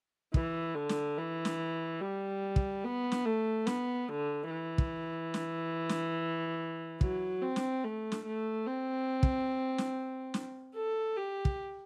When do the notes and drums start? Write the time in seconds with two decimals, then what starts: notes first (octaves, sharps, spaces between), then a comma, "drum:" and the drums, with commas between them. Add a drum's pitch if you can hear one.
0.34 E3, drum: kick
0.75 D3
0.89 drum: snare
1.18 E3
1.45 drum: snare
2.01 G3
2.56 drum: kick
2.84 B3
3.12 drum: snare
3.26 A3
3.67 B3, drum: snare
4.09 D3
4.50 E3
4.78 drum: kick
5.34 drum: snare
5.89 drum: snare
7.01 F#3, drum: kick
7.42 C4
7.56 drum: snare
7.84 A3
8.12 drum: snare
8.26 A3
8.67 C4
9.23 drum: kick
9.78 drum: snare
10.34 drum: snare
10.75 A4
11.17 G4
11.45 drum: kick